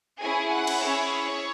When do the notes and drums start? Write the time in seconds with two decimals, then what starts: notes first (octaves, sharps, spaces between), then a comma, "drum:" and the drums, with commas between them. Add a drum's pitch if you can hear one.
0.21 C#4 E4 G#4 G#5
0.52 F#5
0.67 drum: cymbal
0.82 C#4 E4 G#4 C#5